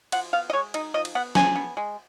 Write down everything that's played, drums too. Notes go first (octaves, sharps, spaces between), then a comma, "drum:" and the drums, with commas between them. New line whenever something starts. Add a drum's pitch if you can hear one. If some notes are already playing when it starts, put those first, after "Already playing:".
F3 F#5, drum: cymbal
B3 F5
D#5
G#3 C#5
D#4 D#5, drum: cymbal
F3 D#5
drum: cymbal
B3 F#5
F3 G#5, drum: snare
B3
G#3